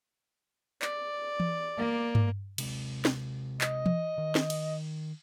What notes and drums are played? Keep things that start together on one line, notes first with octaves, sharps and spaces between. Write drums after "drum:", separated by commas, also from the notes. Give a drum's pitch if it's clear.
D5, drum: clap
drum: tom E3
A#3
drum: tom G2
C3 G#3 C4, drum: cymbal
drum: snare
D#5, drum: clap
drum: tom E3
D#3
drum: snare
drum: cymbal